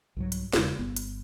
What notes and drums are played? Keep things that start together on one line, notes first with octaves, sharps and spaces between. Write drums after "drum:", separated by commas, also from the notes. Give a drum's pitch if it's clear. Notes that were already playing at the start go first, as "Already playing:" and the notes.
C2 G#2 F#3
drum: hi-hat
E1 E2 C#3 G#3, drum: snare
G1 B3
drum: hi-hat